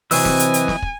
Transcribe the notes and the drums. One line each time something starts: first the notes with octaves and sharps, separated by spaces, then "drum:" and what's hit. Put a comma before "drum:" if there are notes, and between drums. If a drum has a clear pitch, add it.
C3 E3 F#3 C4 B4 D#5 G#5 E6, drum: open hi-hat
drum: snare
drum: hi-hat
drum: hi-hat
drum: snare
drum: kick